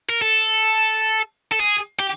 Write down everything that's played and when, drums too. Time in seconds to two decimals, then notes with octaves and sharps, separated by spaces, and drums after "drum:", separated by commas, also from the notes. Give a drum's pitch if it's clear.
0.09 A#4
0.22 A4
1.52 A4
1.60 G#4, drum: open hi-hat
2.00 G4